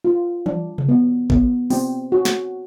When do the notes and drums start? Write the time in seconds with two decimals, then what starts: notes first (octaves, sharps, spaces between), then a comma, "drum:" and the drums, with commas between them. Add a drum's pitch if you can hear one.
0.05 F4
0.46 D4, drum: tom E3
0.78 drum: tom C3
0.89 B3
1.30 B3, drum: kick G#1
1.70 C4, drum: open hi-hat
2.12 F#4
2.25 drum: snare